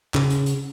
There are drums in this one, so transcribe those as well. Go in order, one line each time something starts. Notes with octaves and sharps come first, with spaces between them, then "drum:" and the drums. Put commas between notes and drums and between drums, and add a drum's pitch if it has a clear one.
C#3, drum: clap
drum: hi-hat
drum: hi-hat